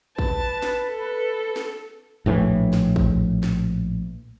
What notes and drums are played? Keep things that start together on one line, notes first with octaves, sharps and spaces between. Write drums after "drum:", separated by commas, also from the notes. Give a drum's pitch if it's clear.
B4 A5, drum: kick
drum: snare
A4
drum: snare
A#1 A2 D#3 E3
drum: snare
drum: kick
drum: snare